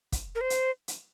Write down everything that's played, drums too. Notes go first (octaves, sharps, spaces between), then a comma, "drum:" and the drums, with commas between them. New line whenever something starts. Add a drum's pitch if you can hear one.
drum: kick, hi-hat
A#4
C5
drum: hi-hat
drum: hi-hat